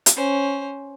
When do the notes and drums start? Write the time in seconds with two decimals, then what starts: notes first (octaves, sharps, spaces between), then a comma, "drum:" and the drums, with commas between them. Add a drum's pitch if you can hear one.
0.06 drum: hi-hat
0.16 C#4 C5